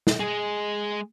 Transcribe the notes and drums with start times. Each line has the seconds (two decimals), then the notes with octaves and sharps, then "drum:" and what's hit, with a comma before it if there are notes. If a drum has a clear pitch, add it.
0.07 drum: snare
0.20 G#3 G#4